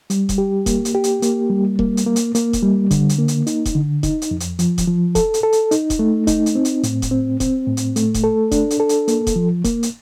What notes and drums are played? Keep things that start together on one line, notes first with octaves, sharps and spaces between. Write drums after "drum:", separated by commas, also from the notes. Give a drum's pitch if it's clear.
G3, drum: hi-hat
drum: kick E1, hi-hat
G4
A#3, drum: kick E1, hi-hat
drum: hi-hat
G4
drum: hi-hat
A#3, drum: hi-hat
G3
A#3, drum: kick E1
drum: hi-hat
A#3
drum: hi-hat
A#3, drum: hi-hat
drum: kick E1, hi-hat
G3
D3, drum: kick E1, hi-hat
drum: hi-hat
A#3
drum: hi-hat
D#4, drum: hi-hat
drum: kick E1, hi-hat
D3
D#4, drum: kick E1, hi-hat
drum: hi-hat
F2
drum: hi-hat
F3, drum: hi-hat
drum: kick E1, hi-hat
F3
A4, drum: kick E1, hi-hat
drum: hi-hat
A4
drum: hi-hat
D#4, drum: hi-hat
drum: kick E1, hi-hat
A3
D#4, drum: kick E1, hi-hat
drum: hi-hat
C4
drum: hi-hat
A2, drum: hi-hat
drum: kick E1, hi-hat
C4
C4, drum: kick E1, hi-hat
A2
drum: hi-hat
A3, drum: hi-hat
drum: kick E1, hi-hat
A4
D4, drum: kick E1, hi-hat
drum: hi-hat
A4
drum: hi-hat
A#3, drum: hi-hat
drum: kick E1, hi-hat
F3
A#3, drum: kick E1, hi-hat
drum: hi-hat